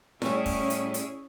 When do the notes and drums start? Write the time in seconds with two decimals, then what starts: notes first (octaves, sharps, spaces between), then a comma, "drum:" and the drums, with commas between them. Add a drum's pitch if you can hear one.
0.22 A2 G3 C#4 E4 G#4, drum: snare E4
0.46 drum: kick, open hi-hat
0.70 drum: hi-hat
0.94 drum: hi-hat